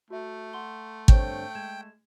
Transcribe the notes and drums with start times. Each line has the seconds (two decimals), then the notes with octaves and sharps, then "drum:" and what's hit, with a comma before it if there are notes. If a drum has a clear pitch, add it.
0.10 A3 F#4 E5
0.53 F#5 C6 G7
1.08 G2 D3 C4 C#5 G5 C#6, drum: kick
1.55 G#3 G#6 E7